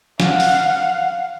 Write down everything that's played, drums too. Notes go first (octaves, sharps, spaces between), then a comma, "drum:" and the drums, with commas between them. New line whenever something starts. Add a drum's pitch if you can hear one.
F5 F#5, drum: snare
drum: open hi-hat